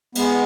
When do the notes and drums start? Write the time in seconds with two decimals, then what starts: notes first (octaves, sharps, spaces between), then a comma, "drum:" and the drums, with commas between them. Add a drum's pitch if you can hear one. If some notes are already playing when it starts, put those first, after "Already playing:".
0.15 G#3 B3, drum: cymbal